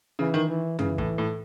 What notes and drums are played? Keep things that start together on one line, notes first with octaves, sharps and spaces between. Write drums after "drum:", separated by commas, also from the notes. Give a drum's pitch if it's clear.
C#3 E3
D#3
E3
C#3 E3, drum: tom F#2
A2, drum: kick
A2